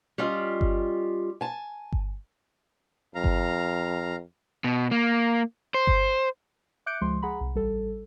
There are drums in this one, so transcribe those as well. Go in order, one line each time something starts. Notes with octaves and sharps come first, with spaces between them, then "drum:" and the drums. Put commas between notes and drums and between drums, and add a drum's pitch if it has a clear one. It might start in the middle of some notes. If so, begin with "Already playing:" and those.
G3 C#4 F4 D#5
drum: kick G1
G#5 A5
drum: kick G1
F2 F5 A#5
drum: kick G1
B2
A#3
C5
drum: kick G1
E5 D6 F#6 G6 C#7 D7
C#2 F3 G#3 C6
G#4 F#5 A#5 B5
C2
A1 G3 A4